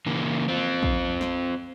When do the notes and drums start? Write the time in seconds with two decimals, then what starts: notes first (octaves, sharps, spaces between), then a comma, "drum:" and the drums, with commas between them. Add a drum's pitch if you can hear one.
0.06 C#3 E3 A#3
0.48 C4 F4
0.83 drum: kick
1.21 drum: snare